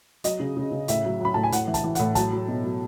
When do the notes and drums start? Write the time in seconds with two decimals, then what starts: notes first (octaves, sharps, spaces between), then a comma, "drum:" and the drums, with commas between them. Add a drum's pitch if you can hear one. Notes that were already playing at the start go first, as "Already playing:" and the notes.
0.24 F#3 D#5, drum: hi-hat
0.40 C#3
0.57 C#3
0.72 C#3
0.88 A2 E5, drum: hi-hat
1.05 F#3
1.21 F#3 B5
1.34 A2 A5
1.43 G#5
1.52 A2 F#5, drum: hi-hat
1.67 E3
1.74 A5, drum: kick, hi-hat
1.84 E3
1.95 F#5, drum: hi-hat
1.99 A2
2.15 F#3 A5, drum: kick, hi-hat
2.32 F#3
2.48 B2
2.63 F#3